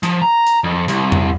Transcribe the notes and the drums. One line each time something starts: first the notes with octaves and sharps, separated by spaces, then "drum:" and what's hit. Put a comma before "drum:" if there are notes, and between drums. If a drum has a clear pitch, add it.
F3, drum: hi-hat
A#5
drum: hi-hat
F2
C2, drum: hi-hat
drum: tom E2